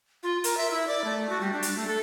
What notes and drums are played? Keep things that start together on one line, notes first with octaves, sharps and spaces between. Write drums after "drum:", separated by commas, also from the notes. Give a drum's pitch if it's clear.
F4
A#4, drum: hi-hat
E5
E4
D5
A3
F#4
G3
D4
drum: hi-hat
A3
A4